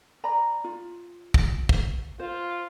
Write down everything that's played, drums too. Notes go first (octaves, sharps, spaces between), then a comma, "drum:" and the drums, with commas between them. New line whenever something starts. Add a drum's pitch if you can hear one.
D5 A#5 B5
F4
drum: kick
drum: kick
F4 C5